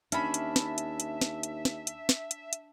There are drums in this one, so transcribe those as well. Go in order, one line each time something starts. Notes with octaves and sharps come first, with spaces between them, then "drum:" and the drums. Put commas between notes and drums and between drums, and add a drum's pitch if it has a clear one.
D#2 C#4 D4 E5 B5, drum: hi-hat
drum: hi-hat
drum: snare
drum: hi-hat
drum: hi-hat
drum: snare
drum: hi-hat
drum: snare
drum: hi-hat
drum: snare
drum: hi-hat
drum: hi-hat